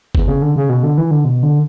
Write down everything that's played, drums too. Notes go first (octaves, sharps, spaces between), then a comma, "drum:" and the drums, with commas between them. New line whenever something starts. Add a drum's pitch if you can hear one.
E2, drum: kick G1
C#3
D3
C#3
B2
D3
E3
D3
B2
D3